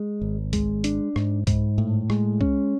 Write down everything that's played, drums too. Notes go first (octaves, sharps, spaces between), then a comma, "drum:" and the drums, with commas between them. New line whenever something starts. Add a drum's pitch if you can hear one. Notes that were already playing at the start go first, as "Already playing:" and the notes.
Already playing: G#3
G#1
G#3, drum: kick C2, hi-hat
D4, drum: hi-hat
G#2, drum: rim click
G#2, drum: kick C2, hi-hat
A2
G#3, drum: rim click
C#4, drum: kick C2